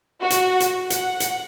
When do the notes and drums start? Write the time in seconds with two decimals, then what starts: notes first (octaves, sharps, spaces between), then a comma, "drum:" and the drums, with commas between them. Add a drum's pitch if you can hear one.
0.21 F#4
0.30 drum: hi-hat
0.60 drum: hi-hat
0.90 F#5, drum: hi-hat
1.20 drum: hi-hat